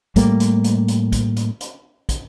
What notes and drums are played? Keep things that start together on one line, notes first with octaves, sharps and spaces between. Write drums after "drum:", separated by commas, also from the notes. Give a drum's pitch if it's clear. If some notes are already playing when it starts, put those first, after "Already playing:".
A2 G3 A3 A#3, drum: kick, hi-hat
drum: hi-hat
drum: hi-hat
drum: hi-hat
drum: kick, hi-hat
drum: hi-hat
drum: hi-hat
drum: kick, hi-hat